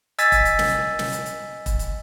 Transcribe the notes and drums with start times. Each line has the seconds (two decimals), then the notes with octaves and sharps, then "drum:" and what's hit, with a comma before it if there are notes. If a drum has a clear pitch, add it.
0.18 D#5 G#5 E6 G#6 A6 B6, drum: hi-hat
0.32 drum: kick E1, hi-hat
0.45 drum: hi-hat
0.59 drum: snare
0.99 drum: snare
1.12 drum: hi-hat
1.26 drum: hi-hat
1.66 drum: kick E1, hi-hat
1.79 drum: hi-hat